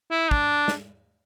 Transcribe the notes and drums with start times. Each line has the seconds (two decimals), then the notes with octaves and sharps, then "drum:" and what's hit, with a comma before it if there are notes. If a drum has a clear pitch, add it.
0.11 E4
0.31 D4, drum: kick
0.68 drum: snare